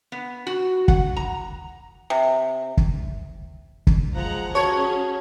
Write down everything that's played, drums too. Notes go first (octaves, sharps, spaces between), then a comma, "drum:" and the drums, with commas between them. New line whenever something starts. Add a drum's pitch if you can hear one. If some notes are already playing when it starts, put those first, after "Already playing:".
B3
F#4
F#5, drum: kick
A#5
C3
drum: kick
drum: kick
F3 G#3 F#5 A#5
C#4 F#4 G#4 C#5 A5 C#6